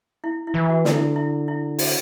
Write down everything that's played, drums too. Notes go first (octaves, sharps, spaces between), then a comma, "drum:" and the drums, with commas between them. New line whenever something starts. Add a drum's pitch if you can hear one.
E4
E4
E3
F#4
D3, drum: snare
E4
E4
E4
F#4, drum: open hi-hat